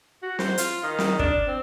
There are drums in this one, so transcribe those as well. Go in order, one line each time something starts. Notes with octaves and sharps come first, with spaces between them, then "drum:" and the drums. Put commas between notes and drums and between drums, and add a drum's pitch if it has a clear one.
F#4
C5, drum: snare
F4, drum: hi-hat
D#3
drum: snare
D4, drum: kick
C4